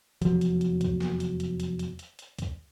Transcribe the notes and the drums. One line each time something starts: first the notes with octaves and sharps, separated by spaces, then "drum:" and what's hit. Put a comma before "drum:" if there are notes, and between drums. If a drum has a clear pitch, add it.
F1 E2 F3 F#3, drum: hi-hat
drum: hi-hat
drum: hi-hat
drum: kick, hi-hat
drum: snare
drum: hi-hat
drum: hi-hat
drum: hi-hat
drum: hi-hat
drum: hi-hat
drum: hi-hat
drum: kick, hi-hat